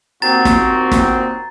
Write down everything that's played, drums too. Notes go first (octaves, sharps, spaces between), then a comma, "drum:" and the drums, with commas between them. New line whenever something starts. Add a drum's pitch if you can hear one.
D#2 A#2 C4 F#4 A#5 A6
drum: snare
drum: snare